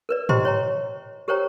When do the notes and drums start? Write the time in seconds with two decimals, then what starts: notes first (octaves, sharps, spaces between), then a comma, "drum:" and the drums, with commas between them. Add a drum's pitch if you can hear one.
0.09 A#4 B4 D5
0.29 G4 C5 D#5 G5 A#5 C6, drum: tom G#2
0.45 C#5 G5 A#5
1.28 G4 A#4 C5 C#5 G5 A#5